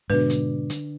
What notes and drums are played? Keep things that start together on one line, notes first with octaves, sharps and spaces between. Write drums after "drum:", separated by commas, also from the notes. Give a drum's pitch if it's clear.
G#2 B2 D3 D4 B4
drum: hi-hat
drum: hi-hat